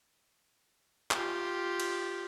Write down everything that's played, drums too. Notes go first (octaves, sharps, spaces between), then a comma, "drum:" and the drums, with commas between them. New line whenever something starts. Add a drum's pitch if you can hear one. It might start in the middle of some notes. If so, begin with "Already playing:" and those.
F4 G4, drum: clap
drum: cymbal